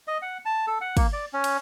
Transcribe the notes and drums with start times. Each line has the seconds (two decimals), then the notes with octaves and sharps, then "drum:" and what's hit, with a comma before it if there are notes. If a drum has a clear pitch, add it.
0.08 D#5
0.22 F#5
0.45 A5
0.67 A4
0.81 F#5
0.97 A#3, drum: kick, cymbal
1.13 D5
1.33 C#4
1.44 drum: cymbal